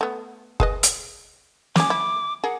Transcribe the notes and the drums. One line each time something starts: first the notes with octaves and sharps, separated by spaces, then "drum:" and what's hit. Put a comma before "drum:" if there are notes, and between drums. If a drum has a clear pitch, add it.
A3 B3
G#4 B4 D#5, drum: kick F#1
drum: hi-hat
C#3 G#4 D6, drum: snare
E4
G#4 A#4 F#5